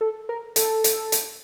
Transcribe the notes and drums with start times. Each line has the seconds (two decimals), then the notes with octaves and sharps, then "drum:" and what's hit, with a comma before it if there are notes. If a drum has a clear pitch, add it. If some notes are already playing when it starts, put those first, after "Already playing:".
0.01 A4
0.29 A#4
0.56 A4, drum: hi-hat
0.84 drum: hi-hat
1.12 drum: hi-hat